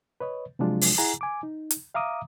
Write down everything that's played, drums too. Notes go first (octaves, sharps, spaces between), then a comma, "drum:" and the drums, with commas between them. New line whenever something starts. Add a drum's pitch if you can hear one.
B4 C#5 D#5
C3 F3 F#3 G#3 D4 F4
drum: open hi-hat
E4 G#4 F#5 G#5 A#5
G#5 D6
D#4
drum: hi-hat
E5 F5 A#5 D6 D#6